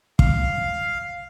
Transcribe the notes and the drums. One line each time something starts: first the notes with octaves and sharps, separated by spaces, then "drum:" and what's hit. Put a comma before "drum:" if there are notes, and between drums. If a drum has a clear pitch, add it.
F5, drum: kick